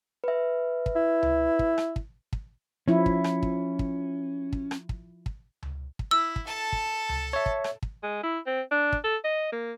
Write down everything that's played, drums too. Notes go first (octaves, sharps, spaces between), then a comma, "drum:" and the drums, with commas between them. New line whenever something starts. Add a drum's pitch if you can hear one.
B4 E5
drum: kick
E4
drum: tom C#2
drum: kick
drum: rim click
drum: kick
drum: kick
F3 C#4 E4
drum: kick
drum: rim click
drum: kick
drum: kick
drum: kick
drum: rim click
drum: kick
drum: kick
drum: tom C#2
drum: kick
E4 E6
drum: kick
A4 A5
drum: kick
drum: tom C#2
C#5 E5
drum: kick
drum: rim click
drum: kick
G#3
E4
C4
D4
drum: kick
A4
D#5
A#3